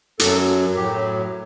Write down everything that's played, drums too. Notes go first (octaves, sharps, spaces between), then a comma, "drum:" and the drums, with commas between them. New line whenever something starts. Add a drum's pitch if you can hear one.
F#2 F#3 A4, drum: hi-hat
A2 F#3 G4